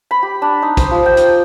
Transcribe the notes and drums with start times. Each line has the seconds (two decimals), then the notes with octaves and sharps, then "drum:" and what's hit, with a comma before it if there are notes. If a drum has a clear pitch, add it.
0.11 B5
0.23 G4
0.42 D4
0.62 D#4
0.77 C5, drum: kick A#1, hi-hat
0.91 F3
1.06 G5
1.17 drum: hi-hat